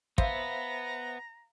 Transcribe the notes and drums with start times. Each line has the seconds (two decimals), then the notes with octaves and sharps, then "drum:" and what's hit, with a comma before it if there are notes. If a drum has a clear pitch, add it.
0.18 B3 C5 E5 F5 A#5, drum: kick